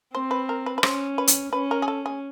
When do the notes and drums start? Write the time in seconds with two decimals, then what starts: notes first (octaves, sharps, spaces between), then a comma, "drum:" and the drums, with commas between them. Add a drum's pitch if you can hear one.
0.14 C4 C5
0.31 B4
0.49 A#4
0.66 B4
0.78 B4
0.83 C#4 C5, drum: rim click
1.18 B4
1.27 drum: hi-hat
1.53 C#4 B4
1.71 A#4
1.82 G#4
1.88 A4
2.06 G#4